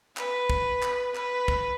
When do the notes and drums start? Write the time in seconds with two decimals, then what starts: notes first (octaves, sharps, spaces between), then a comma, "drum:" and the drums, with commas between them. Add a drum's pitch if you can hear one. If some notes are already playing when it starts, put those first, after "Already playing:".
0.17 B4, drum: clap
0.50 drum: kick
0.82 drum: clap
1.15 B4, drum: clap
1.48 drum: kick